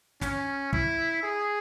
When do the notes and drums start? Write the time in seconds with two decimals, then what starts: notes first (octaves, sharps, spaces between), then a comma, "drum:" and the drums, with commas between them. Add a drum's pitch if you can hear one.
0.21 C#4, drum: snare
0.73 E4, drum: kick
1.23 G#4